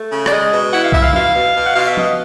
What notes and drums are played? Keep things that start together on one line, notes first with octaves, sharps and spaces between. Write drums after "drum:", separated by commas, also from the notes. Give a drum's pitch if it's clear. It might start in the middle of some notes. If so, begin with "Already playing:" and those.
Already playing: A3
C#3
D5, drum: rim click
G#3 D#5
B2
E4 F#5
F5
E4 E5, drum: kick C2
F5
B2 F5, drum: tom F3
B2
B2
F#5
B2 F5
E5
B3 D#5, drum: tom F3